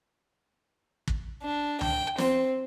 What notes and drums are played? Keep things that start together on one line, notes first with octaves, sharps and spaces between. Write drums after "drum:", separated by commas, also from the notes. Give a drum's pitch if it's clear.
drum: kick
D4
G5, drum: tom C#2
C4, drum: snare